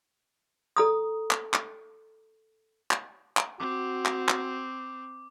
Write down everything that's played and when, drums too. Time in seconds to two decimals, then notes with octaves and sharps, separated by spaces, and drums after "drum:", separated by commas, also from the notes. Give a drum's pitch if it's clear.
0.76 A4 A#5 D#6
1.31 drum: clap
1.54 drum: clap
2.91 drum: clap
3.37 drum: clap
3.60 C4 F#4 D6
4.06 drum: clap
4.29 drum: clap